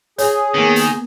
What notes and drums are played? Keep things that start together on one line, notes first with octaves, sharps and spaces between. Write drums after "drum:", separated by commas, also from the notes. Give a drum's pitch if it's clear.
G#4 C#5, drum: hi-hat
D#3 A#3 B3
drum: hi-hat